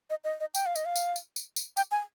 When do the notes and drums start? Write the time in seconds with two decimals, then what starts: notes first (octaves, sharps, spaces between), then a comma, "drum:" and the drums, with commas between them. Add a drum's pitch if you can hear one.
0.10 D#5
0.24 D#5
0.40 D#5
0.55 G5, drum: tambourine
0.66 F5
0.75 D#5, drum: tambourine
0.85 F5
0.96 drum: tambourine
1.16 drum: tambourine
1.36 drum: tambourine
1.56 drum: tambourine
1.77 G5, drum: tambourine
1.91 G#5